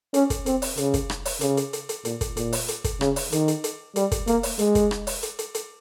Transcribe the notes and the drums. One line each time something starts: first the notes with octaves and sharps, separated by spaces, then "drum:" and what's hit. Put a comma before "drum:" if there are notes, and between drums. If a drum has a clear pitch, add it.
C#4, drum: hi-hat
drum: kick, hi-hat
C4, drum: hi-hat
drum: open hi-hat
C#3, drum: hi-hat
drum: kick, hi-hat
drum: rim click
drum: open hi-hat
C#3, drum: hi-hat
drum: hi-hat
drum: hi-hat
drum: hi-hat
A#2, drum: hi-hat
drum: kick, hi-hat
A#2, drum: hi-hat
drum: open hi-hat
drum: hi-hat
drum: kick, hi-hat
C#3, drum: rim click
drum: open hi-hat
D#3, drum: hi-hat
drum: hi-hat
drum: hi-hat
G3, drum: hi-hat
drum: kick, hi-hat
A#3, drum: hi-hat
drum: open hi-hat
G#3, drum: hi-hat
drum: kick, hi-hat
drum: rim click
drum: open hi-hat
drum: hi-hat
drum: hi-hat
drum: hi-hat